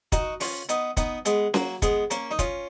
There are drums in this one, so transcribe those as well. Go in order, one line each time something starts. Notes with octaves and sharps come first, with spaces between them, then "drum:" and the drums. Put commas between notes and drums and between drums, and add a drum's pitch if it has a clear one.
D#4 F#4, drum: kick, hi-hat
C#4 F4, drum: open hi-hat
B3 D#4, drum: hi-hat
B3 D#4, drum: kick, hi-hat
G#3 B3, drum: hi-hat
F#3 A#3, drum: snare C#4
G#3 B3, drum: kick, hi-hat
A#3 C#4, drum: hi-hat
D#4
C#4 F4, drum: kick, hi-hat